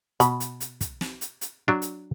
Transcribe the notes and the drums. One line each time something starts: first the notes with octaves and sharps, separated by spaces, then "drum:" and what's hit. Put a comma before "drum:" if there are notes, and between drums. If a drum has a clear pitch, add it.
B2 B5, drum: hi-hat
drum: hi-hat
drum: hi-hat
drum: kick, hi-hat
drum: snare
drum: hi-hat
drum: hi-hat
F#3 D4
drum: hi-hat